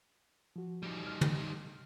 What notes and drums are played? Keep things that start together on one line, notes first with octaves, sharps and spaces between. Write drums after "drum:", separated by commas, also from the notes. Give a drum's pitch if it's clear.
F3 F#4
G3 D#4
F6
drum: tom